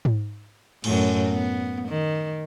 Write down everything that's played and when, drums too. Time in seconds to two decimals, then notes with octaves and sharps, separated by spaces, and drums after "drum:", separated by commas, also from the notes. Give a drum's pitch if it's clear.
0.05 drum: tom G#2
0.84 F#2 A2, drum: cymbal
1.33 B3
1.89 D#3